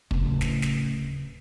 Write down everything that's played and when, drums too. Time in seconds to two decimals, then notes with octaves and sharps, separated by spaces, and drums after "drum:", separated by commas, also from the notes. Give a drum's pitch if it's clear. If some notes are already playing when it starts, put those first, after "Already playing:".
0.11 D1 C#3, drum: kick
0.41 drum: snare
0.62 drum: snare